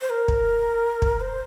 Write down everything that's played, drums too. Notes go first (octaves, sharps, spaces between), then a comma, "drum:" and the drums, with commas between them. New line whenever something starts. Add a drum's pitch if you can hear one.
C5
A#4
drum: kick
drum: kick
C5